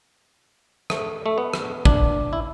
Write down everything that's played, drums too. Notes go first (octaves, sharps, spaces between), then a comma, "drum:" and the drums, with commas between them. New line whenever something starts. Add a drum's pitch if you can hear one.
A3, drum: rim click
A3
B3
drum: rim click
D4, drum: kick
E4